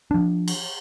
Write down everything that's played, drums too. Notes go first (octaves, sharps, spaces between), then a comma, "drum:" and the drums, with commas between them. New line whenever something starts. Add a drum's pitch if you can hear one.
F3 D4
drum: cymbal